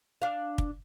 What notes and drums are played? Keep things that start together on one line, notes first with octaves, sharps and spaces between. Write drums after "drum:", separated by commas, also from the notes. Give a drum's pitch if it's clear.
D4 F5
drum: kick